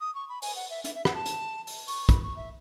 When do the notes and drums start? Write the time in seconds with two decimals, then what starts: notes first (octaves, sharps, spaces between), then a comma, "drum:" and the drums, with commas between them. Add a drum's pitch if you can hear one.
0.01 D#6
0.15 C#6
0.29 B5
0.42 G#5, drum: open hi-hat
0.56 F#5
0.70 E5
0.85 E5, drum: hi-hat
0.95 E5
1.05 F#5, drum: rim click
1.14 A5
1.25 drum: hi-hat
1.67 drum: open hi-hat
1.88 C#6, drum: open hi-hat
2.09 B5, drum: kick, hi-hat
2.23 C#6
2.36 E5